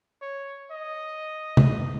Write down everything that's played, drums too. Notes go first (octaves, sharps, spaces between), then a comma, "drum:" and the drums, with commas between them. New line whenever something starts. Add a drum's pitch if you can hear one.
C#5
D#5
drum: tom C3